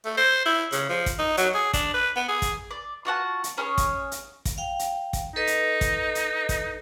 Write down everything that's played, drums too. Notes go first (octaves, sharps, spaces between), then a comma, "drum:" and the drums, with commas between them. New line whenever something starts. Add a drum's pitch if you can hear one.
A3
C5
E4
C#3, drum: hi-hat
F3
drum: kick, hi-hat
D#4
F#3, drum: hi-hat
G#4
D4, drum: kick, hi-hat
B4
B3
G#4
drum: kick, hi-hat
D5
F4 F#4 F#5 A5
drum: hi-hat
C#4 G#4 A#4 C#5
drum: kick, hi-hat
drum: hi-hat
drum: kick, hi-hat
F5 G5
drum: hi-hat
drum: kick, hi-hat
D#4 A4 B4 D#5
drum: hi-hat
drum: kick, hi-hat
drum: hi-hat
drum: kick, hi-hat